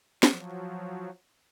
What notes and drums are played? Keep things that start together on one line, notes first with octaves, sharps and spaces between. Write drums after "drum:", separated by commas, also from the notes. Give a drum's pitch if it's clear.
F3 F#3, drum: snare